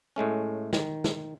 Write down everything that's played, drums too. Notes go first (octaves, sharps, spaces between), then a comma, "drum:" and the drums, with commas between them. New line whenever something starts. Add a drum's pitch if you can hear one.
A2 G#3 A3 C#4
D#3, drum: snare
drum: snare